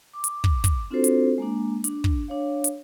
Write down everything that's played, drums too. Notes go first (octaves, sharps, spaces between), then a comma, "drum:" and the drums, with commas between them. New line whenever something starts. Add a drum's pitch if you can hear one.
D6
drum: hi-hat
drum: kick
drum: kick, hi-hat
C4 D4 F4 F#4 A4 C5
drum: hi-hat
G#3 A#3 D4
D4, drum: hi-hat
drum: kick
D4 C#5 F5
drum: hi-hat